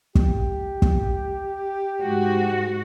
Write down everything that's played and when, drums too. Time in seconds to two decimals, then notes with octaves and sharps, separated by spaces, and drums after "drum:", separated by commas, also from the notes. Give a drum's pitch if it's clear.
0.15 G4, drum: kick
0.82 drum: kick
2.03 G#2 G#3 F#4